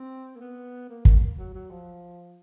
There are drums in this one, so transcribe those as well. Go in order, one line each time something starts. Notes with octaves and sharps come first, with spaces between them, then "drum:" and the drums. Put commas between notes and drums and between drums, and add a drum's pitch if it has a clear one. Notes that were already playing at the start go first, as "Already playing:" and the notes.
Already playing: C4
A#3
B3
A#3
A#3, drum: kick
F#3
F#3
F3